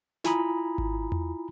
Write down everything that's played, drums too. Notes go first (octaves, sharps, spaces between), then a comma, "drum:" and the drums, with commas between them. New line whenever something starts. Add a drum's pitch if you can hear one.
E4 F4 G#5 A#5 B5 D#6, drum: snare
drum: kick G#1
drum: tom E2